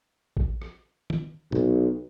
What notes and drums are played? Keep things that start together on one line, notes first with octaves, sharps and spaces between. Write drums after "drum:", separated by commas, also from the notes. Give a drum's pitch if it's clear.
drum: kick A1
drum: rim click
drum: tom
B1, drum: tom